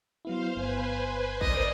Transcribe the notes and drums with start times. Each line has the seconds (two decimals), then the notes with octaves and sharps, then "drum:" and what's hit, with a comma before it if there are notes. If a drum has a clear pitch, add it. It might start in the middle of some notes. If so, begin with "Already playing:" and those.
0.25 F#3 B3 E4 C5 F5
0.56 G1 B3 B4 C5 G#5
1.41 A#4 C5 D5 D#5, drum: kick A1